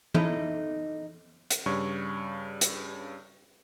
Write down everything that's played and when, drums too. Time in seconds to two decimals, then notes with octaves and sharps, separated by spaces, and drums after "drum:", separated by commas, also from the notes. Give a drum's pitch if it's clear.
0.14 D#4 E4 A4, drum: tom E3
1.50 drum: hi-hat
1.66 G2 C#3 G3 C#5 C#6
2.61 drum: hi-hat